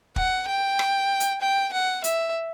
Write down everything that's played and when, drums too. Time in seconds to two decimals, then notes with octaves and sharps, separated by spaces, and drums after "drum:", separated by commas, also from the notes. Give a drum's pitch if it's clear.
0.16 F#5, drum: kick
0.48 G5
0.79 drum: rim click
1.20 drum: hi-hat
1.41 G5
1.73 F#5
2.04 E5, drum: hi-hat